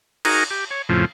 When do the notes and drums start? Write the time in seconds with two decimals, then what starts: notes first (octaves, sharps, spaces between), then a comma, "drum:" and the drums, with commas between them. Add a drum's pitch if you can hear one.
0.25 D#4 F#4 G#4 A#4, drum: cymbal
0.51 G4
0.71 C#5
0.89 F2 A2 C#3 F3